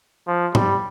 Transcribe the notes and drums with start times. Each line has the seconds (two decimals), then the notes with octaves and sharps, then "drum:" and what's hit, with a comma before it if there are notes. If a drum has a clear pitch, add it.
0.27 F3
0.55 G3, drum: tom G#2